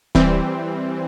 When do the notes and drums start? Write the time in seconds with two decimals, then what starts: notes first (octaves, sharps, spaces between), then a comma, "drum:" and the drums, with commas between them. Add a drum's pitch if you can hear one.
0.15 E3 G3 C4, drum: kick D1